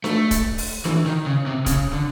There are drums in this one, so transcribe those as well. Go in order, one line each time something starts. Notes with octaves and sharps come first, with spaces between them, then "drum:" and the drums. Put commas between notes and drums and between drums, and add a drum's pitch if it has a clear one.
A3, drum: snare D4
drum: kick D1, hi-hat
drum: open hi-hat
E3, drum: snare D4
D#3
C#3
C3
C#3, drum: kick D1, hi-hat
D3